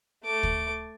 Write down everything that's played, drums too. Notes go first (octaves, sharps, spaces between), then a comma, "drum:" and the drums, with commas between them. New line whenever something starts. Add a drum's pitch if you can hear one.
A3 D6
drum: kick